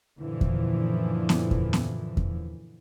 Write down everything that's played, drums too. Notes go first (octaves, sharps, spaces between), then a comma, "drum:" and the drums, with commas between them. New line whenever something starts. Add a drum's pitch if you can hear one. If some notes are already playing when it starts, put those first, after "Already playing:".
F#2 A#2 D3 E3 F3
drum: kick E2
drum: snare
drum: kick E2
drum: snare
drum: kick E2